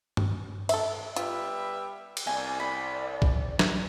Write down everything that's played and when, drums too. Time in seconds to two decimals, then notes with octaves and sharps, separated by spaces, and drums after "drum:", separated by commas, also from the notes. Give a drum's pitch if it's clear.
0.17 drum: tom G2
0.69 A4 E5, drum: cymbal
1.16 G3 B3 F4 E5, drum: hi-hat
2.17 drum: cymbal
2.27 C2 D5 G#5
2.60 B5
3.22 drum: kick
3.59 drum: snare